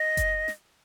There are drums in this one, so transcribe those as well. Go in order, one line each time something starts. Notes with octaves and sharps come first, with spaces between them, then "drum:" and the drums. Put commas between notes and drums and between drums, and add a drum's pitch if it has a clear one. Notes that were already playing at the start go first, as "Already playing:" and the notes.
Already playing: D#5
drum: kick F#1, hi-hat
drum: snare